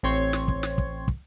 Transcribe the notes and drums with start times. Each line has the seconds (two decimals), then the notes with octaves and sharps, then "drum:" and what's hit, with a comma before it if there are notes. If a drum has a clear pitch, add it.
0.03 A1 C4 C#5 C6 G#6
0.33 drum: snare
0.48 drum: kick
0.63 drum: snare
0.78 drum: kick
1.08 drum: kick